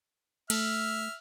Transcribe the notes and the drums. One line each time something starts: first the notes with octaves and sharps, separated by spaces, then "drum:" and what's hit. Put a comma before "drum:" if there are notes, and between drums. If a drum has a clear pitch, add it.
A3 E5 F6, drum: cymbal